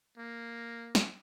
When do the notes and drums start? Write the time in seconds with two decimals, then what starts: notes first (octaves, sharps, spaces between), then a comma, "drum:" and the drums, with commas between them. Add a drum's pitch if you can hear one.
0.18 A#3
0.95 drum: snare